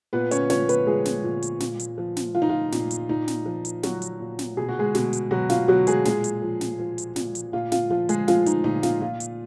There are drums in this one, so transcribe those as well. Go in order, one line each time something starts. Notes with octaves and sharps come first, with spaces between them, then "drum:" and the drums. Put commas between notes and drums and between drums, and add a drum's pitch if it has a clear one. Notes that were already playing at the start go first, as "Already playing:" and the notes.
A#2 B3 B4
C#4 C#5, drum: hi-hat
F3 C#4 C#5, drum: snare
B3 B4, drum: hi-hat
F3 G#3 G#4
drum: snare
A#2
drum: hi-hat
A#2, drum: snare
drum: hi-hat
F3
drum: snare
F3 F4
D#4
F4
A#2, drum: snare
drum: hi-hat
A#2 D#4
drum: snare
F3
drum: hi-hat
F3 F#3 F#4, drum: snare
drum: hi-hat
A#2
drum: snare
B2 G#4
F#4
G#3 G#4
B2, drum: snare
drum: hi-hat
B2 F#3 F#4
F4, drum: snare
B2 F#3 F#4
G#3 G#4, drum: hi-hat
A#2 G#3 G#4, drum: snare
drum: hi-hat
F3
drum: snare
F3
drum: hi-hat
A#2, drum: snare
drum: hi-hat
A#2 F4
F4, drum: snare
F3 F4
G#3 G#4, drum: hi-hat
F3 F4, drum: snare
D#4, drum: hi-hat
A#2 D#4
F4, drum: snare
A#2 F4
drum: hi-hat